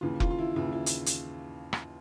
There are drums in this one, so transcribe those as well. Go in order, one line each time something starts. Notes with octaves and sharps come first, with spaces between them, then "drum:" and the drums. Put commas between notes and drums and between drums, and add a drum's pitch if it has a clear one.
D#2 C#3 E3 F4
F4, drum: kick F1
F4
E4
D#2 C#3 E3 E4
E4
drum: hi-hat
drum: hi-hat
drum: rim click